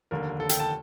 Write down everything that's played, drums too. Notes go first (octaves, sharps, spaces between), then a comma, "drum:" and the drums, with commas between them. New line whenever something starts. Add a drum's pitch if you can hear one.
F1 D#2 D3 A#4
A4
G5, drum: hi-hat
A5